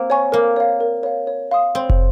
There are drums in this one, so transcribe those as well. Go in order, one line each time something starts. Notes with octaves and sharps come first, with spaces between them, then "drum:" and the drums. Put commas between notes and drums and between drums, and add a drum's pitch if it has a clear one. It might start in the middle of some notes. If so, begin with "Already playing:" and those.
Already playing: A#3 C4
C#5 G#5 C#6
A#3 A#4
C#5 F5
A#4
C#5 F5
C#5
F5 C6 D#6
C4 C#5
drum: kick